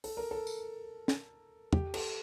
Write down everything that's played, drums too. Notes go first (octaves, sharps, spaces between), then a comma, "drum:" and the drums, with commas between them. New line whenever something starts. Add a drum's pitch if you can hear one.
A4, drum: open hi-hat
A#4
A4
drum: tambourine
drum: snare
G4, drum: tom
A4, drum: cymbal